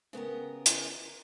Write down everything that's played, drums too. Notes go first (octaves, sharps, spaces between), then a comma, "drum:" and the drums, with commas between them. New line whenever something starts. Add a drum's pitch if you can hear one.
C#3 B3 G4 A#4
drum: hi-hat